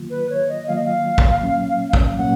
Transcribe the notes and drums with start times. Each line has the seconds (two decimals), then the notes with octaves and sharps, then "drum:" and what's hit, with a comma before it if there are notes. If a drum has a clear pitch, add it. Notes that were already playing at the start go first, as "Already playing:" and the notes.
Already playing: D#3 F#3 A#3 F4
0.10 B4
0.30 C#5
0.49 D#5
0.67 D#3 F#3 A#3 F4 F5
0.75 D#5
0.85 F5
1.18 drum: kick
1.43 A#2 F#3 A#3 C#4
1.93 drum: kick
2.18 A#2 F#3 A#3 C#4 F#5